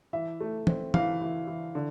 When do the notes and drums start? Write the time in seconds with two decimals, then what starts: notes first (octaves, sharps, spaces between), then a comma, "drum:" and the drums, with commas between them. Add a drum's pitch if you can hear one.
0.13 E3 E5
0.41 A3
0.67 C4, drum: tom
0.94 E3 F5, drum: tom
1.21 E3
1.47 E3
1.75 D3